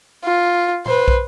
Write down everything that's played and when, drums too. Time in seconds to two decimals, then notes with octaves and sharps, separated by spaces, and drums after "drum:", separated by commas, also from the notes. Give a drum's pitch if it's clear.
0.24 F4
0.86 B4 C5, drum: tom A#2
1.08 drum: kick